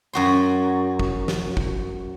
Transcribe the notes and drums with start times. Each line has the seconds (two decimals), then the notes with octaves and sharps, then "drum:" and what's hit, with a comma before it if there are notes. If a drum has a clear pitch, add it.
0.13 F#2 F#4 C6
0.99 drum: kick G1
1.28 drum: snare
1.57 drum: kick G1